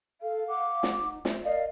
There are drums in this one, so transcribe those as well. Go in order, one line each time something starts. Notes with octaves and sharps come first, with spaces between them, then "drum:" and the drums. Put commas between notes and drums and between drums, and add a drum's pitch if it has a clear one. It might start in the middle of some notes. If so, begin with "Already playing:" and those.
A4 F5
F#5 D6
drum: snare
D#4
C5 E5, drum: snare
A#4 D5 D#5 F5